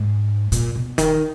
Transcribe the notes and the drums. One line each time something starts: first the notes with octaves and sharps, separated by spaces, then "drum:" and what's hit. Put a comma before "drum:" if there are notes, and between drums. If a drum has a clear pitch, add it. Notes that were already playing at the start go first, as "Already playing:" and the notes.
Already playing: G#2
A#2, drum: hi-hat
B2
D#3, drum: kick F1, hi-hat